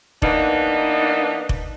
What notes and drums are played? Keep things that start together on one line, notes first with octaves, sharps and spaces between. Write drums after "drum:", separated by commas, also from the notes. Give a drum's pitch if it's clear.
E3 A#3 B3 D4 D#4, drum: kick F1
drum: kick F1